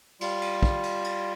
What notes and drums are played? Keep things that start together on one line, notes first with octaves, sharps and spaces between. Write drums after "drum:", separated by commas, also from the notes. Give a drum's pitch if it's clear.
G3 F4, drum: cymbal
drum: cymbal
drum: kick
drum: cymbal
drum: cymbal